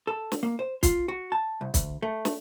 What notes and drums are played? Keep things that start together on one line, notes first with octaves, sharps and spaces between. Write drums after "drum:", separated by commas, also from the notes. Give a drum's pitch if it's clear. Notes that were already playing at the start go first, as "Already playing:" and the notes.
A4
drum: snare
A#3
C5
F4, drum: kick, hi-hat
F#4
A5
C2
D2, drum: kick, hi-hat
A3
drum: snare